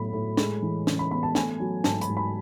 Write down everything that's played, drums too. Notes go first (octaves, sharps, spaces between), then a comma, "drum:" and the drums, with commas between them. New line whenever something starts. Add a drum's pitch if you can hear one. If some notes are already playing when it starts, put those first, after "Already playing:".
Already playing: A2 F#3 B3 B5
A2
G#3, drum: snare
E3
C#3, drum: snare
B5
B3 B5
A5
A3 G#5, drum: snare
F#3
G#2 A5, drum: snare
B5, drum: hi-hat
G#2
B5